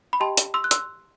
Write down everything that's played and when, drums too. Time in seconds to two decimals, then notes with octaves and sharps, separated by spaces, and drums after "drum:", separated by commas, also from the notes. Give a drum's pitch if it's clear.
0.13 B5
0.20 G4 D#5 G5 A5 C6
0.37 drum: hi-hat
0.54 C6 E6
0.64 F#6
0.71 C6 E6, drum: hi-hat